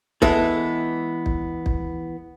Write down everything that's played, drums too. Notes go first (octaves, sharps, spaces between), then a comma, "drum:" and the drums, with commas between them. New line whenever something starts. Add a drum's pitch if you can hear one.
E3 G#3 B3 A4, drum: kick
drum: kick
drum: kick